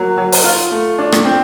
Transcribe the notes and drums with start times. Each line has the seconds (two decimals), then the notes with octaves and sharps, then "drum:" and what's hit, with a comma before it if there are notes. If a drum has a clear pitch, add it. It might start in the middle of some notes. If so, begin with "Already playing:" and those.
Already playing: F#3 A#3
0.17 F#3
0.32 drum: open hi-hat
0.44 F4
0.71 A3
0.98 D4
1.12 drum: rim click
1.25 C4